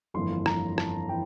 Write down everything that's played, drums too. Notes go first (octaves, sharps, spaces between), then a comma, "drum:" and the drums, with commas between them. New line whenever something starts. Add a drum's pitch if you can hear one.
G1 F2 E3 A#3 C6
A#5, drum: rim click
A5, drum: rim click
E3 G5